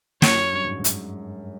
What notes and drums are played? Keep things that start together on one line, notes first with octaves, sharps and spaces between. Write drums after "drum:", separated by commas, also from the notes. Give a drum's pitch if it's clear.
F#2 C#5, drum: snare
G2
G#2
G#2
G2, drum: hi-hat